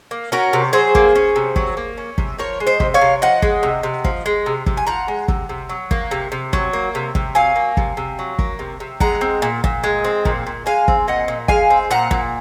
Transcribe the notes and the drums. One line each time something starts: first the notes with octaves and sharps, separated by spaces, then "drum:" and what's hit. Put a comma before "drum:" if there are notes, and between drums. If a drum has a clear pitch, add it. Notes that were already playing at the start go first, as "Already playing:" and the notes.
A#3
C#4 F#4 A#4
C3
F#3 G#4 C5
A#3, drum: kick
C#4
C3
F#3, drum: kick
A#3
C#4
C3, drum: kick
F3 A#4 C#5
G#3
C5 D#5
C3, drum: kick
C#5 F5
C3
F3 D#5 F#5
G#3, drum: kick
C3
C3
F3, drum: kick
G#3
C3
C3, drum: kick
G#5
F3 F#5 A#5
G#3
C3, drum: kick
C3
F#3
A#3, drum: kick
C3
C3
F#3, drum: kick
A#3
C3
C3, drum: kick
F#3 F5 G#5
A#3
C3, drum: kick
C3
F#3
A#3, drum: kick
C3
C3
G#3 F#5 A#5, drum: kick
C4
A#2
A#2, drum: kick
G#3
C4
A#2, drum: kick
A#2
G#3 F5 G#5
C4, drum: kick
A#2 D#5 F#5
A#2
G#3 F5 G#5, drum: kick
C4
A#2 F#5 A#5
A#2, drum: kick